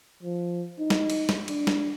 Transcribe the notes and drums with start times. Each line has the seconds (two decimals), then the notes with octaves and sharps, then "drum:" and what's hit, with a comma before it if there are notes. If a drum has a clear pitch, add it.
0.23 F3
0.79 D#4
0.90 drum: snare
1.10 drum: cymbal
1.29 drum: snare
1.48 D4, drum: cymbal
1.67 drum: snare